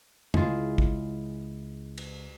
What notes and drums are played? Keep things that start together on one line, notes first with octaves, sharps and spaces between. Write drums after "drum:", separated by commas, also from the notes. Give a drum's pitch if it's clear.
C#2 G#3 E4 F4 G#4, drum: tom F2
drum: kick
drum: cymbal